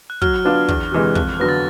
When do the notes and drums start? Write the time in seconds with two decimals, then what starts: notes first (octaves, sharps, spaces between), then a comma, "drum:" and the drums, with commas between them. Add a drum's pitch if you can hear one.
0.10 F#6
0.22 F#3 F6, drum: kick
0.45 B3 D4 F4
0.68 E2, drum: kick
0.92 C3 E3 G#3
1.15 F2 F#6, drum: kick
1.40 D3 F#3 B3 A#6
1.49 A6